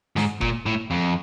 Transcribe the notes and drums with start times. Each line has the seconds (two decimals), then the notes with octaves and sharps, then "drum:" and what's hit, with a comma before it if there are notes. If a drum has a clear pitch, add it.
0.16 G#2, drum: snare
0.41 A#2, drum: kick F1
0.66 A2
0.90 F2